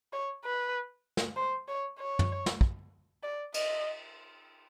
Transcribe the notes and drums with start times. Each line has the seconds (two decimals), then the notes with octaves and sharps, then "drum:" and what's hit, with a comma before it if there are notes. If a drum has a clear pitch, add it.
0.13 C#5
0.44 B4
1.17 drum: snare
1.37 C5
1.68 C#5
1.99 C#5
2.19 drum: tom
2.46 drum: snare
2.61 drum: kick
3.23 D5
3.54 D#5, drum: cymbal